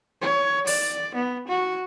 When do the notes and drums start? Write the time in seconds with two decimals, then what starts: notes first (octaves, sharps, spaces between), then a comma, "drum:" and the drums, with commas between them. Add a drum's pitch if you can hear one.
0.22 C#5
0.67 D5, drum: open hi-hat
1.15 B3
1.48 F#4